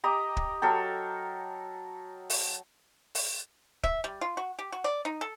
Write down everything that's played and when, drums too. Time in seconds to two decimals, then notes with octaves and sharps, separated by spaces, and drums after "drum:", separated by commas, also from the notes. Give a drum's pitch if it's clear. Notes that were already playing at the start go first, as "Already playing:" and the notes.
0.04 G4 D#5 A#5 D6
0.37 drum: kick
0.62 F#3 A4 A#4 G5
2.30 drum: open hi-hat
3.15 drum: open hi-hat
3.84 E5, drum: kick
4.04 G3
4.21 F4
4.37 F#4
4.59 G4
4.72 F#4
4.84 D5
5.05 D#4
5.21 A4